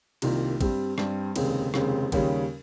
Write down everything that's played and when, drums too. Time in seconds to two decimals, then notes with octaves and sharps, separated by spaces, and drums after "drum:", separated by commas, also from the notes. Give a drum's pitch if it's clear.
0.22 C2 C3 D#3 A#3 F4, drum: cymbal
0.61 G2 G3 C4, drum: kick A1, cymbal
0.98 G2 G3 C4, drum: rim click
1.36 F1 D#2 C#3 G#3 C4, drum: cymbal
1.74 F1 D#2 C#3 G#3 C4, drum: rim click
2.12 D#2 C#3 G3 C#4, drum: kick A1, cymbal